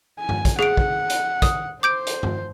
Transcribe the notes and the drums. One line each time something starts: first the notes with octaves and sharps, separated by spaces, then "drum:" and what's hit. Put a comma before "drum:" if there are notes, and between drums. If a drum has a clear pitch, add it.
G#5
drum: tom G2
drum: kick, hi-hat
G#4 F#5 D7, drum: rim click
drum: kick
drum: hi-hat
D#6, drum: kick, hi-hat
C5 D6 G6 D7
drum: hi-hat
drum: tom G2